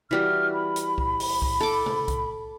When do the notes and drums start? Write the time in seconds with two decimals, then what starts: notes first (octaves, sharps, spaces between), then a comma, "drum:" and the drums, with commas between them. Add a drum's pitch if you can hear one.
0.11 E3 G3 F#4 F6
0.54 B5
0.76 drum: hi-hat
0.98 drum: kick C2
1.20 drum: open hi-hat
1.42 drum: kick C2
1.61 A4 D6
1.86 drum: tom C3
2.08 drum: kick C2, hi-hat